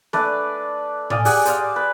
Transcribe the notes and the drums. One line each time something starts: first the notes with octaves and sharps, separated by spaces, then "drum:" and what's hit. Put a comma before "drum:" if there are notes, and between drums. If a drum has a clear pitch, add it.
A3 D4 B4 D5, drum: snare A#3
D5 D#5 F5 G#5, drum: tom A2
G4 G#4 F#5, drum: open hi-hat
C5 D5 F5, drum: hi-hat
B4